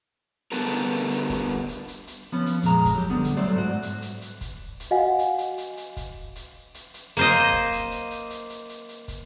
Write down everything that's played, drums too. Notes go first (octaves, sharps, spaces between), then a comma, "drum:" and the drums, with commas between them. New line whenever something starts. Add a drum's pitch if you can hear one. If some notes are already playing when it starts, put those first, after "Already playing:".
D3 G3 B3 A4 A#4, drum: hi-hat
drum: hi-hat
drum: hi-hat
drum: kick, hi-hat
drum: hi-hat
drum: hi-hat
drum: hi-hat
F3 B3 C#4
drum: hi-hat
F2 A#2 G#3 A#5, drum: hi-hat
drum: kick, hi-hat
F#3 G4
D3 G3 B3
drum: hi-hat
F#3 G3 A3 C5 D5
G#2 F#4
drum: hi-hat
drum: hi-hat
drum: hi-hat
drum: kick, hi-hat
drum: hi-hat
F#4 D#5 F5 F#5 G#5
drum: hi-hat
drum: hi-hat
drum: hi-hat
drum: hi-hat
drum: kick, hi-hat
drum: hi-hat
drum: hi-hat
drum: hi-hat
A#3 C5 D#5
drum: hi-hat
drum: kick
drum: hi-hat
drum: hi-hat
drum: hi-hat
drum: hi-hat
drum: hi-hat
drum: hi-hat
drum: hi-hat
drum: kick, hi-hat